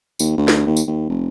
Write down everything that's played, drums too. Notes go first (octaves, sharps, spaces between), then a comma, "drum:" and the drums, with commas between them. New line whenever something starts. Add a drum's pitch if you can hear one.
D#2, drum: tambourine
D2
drum: snare
D#2
drum: tambourine
D#2
F1